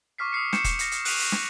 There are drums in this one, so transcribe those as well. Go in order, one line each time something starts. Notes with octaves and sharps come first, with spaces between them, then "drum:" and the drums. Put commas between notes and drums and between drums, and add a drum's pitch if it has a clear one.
C#6 D6 F6 B6 C7
D#6 F6 C7 C#7
C#6 G6 C7 C#7 E7, drum: snare
drum: kick E1, hi-hat
A#6 C#7, drum: hi-hat
drum: hi-hat
F#6 D7 D#7 F7 F#7, drum: open hi-hat
drum: open hi-hat
drum: snare